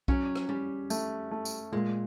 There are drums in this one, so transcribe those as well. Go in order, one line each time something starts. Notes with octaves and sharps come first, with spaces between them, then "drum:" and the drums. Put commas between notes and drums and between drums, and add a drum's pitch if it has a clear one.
F#3 C#4, drum: kick B1
drum: rim click
G3 C#4
A3, drum: tambourine
A3
drum: tambourine
A#2 G#3